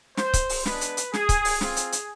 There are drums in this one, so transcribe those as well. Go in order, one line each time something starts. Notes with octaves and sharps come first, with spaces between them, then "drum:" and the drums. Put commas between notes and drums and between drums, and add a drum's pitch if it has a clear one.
C5, drum: snare
drum: kick C#1, hi-hat
drum: open hi-hat
G#3 B3 D4 B4, drum: snare
drum: hi-hat
drum: hi-hat
G#4, drum: snare
drum: kick C#1, hi-hat
drum: open hi-hat
C4 F4 G#4, drum: snare
drum: hi-hat
drum: hi-hat